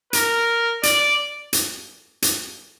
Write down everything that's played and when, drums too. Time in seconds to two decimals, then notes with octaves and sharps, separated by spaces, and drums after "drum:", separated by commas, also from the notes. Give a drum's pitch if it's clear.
0.13 A#4, drum: hi-hat
0.83 D5, drum: hi-hat
1.53 drum: hi-hat
2.22 drum: hi-hat